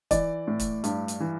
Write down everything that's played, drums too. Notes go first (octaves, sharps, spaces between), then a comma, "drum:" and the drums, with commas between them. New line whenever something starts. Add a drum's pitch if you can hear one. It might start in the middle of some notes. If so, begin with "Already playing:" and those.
E3 D5, drum: kick, hi-hat
A2
drum: kick, hi-hat
G2, drum: hi-hat
drum: hi-hat
E3